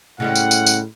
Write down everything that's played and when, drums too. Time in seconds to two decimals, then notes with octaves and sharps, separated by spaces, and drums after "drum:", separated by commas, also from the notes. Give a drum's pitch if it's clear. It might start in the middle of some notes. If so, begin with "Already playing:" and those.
0.20 A2 C#3 G3 G#3 F#5
0.35 drum: tambourine
0.51 drum: tambourine
0.67 drum: tambourine